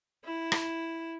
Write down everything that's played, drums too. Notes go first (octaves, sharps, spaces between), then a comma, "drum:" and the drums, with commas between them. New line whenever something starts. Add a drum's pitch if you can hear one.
E4
drum: rim click